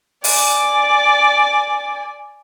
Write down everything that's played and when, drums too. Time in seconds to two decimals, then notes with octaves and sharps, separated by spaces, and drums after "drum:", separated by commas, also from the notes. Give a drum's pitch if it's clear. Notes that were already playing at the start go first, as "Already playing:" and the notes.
0.24 D5 G#5, drum: open hi-hat